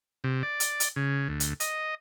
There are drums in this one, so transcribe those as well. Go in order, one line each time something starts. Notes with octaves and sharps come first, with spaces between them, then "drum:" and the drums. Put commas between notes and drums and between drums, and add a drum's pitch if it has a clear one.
C3
D5
drum: hi-hat
drum: hi-hat
C#3
D2
drum: hi-hat
D#5, drum: hi-hat